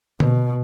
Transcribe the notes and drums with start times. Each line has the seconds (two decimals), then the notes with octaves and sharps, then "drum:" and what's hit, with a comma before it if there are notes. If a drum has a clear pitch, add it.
0.20 B2, drum: tom D3